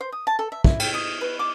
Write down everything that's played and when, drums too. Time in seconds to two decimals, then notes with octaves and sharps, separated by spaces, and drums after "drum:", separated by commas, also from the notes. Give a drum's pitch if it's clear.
0.01 C5
0.12 D#6
0.27 A5
0.39 A4
0.52 E5
0.64 E4, drum: kick
0.80 G5, drum: cymbal
0.94 D#6
1.21 B4
1.39 D6